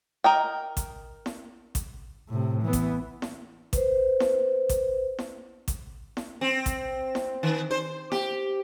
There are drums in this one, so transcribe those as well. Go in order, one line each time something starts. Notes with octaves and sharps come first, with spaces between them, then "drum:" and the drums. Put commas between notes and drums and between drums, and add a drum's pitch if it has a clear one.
A#4 D#5 G5
drum: kick A1, hi-hat
drum: snare E4
drum: kick A1, hi-hat
A2 C3
E3 B3
drum: kick A1, hi-hat
drum: snare E4
B4 C5, drum: kick A1, hi-hat
drum: snare E4
drum: kick A1, hi-hat
drum: snare E4
drum: kick A1, hi-hat
drum: snare E4
C4
drum: kick A1, hi-hat
drum: snare E4
D#3
C5
G4, drum: snare E4